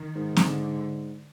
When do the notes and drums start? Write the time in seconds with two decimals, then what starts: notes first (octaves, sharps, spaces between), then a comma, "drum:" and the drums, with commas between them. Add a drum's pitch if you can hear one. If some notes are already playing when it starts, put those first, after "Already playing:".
Already playing: D#3
0.15 G#2
0.36 D3, drum: snare C4